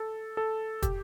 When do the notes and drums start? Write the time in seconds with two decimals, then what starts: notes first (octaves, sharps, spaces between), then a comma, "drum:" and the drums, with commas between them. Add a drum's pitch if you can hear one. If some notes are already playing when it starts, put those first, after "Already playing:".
Already playing: A4
0.37 A4
0.82 G4, drum: kick, hi-hat